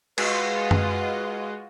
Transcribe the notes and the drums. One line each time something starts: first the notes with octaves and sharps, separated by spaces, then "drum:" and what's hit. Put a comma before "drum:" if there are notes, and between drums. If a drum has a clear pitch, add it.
G#3 F4 F#4 B4 D#5, drum: cymbal
drum: tom F#2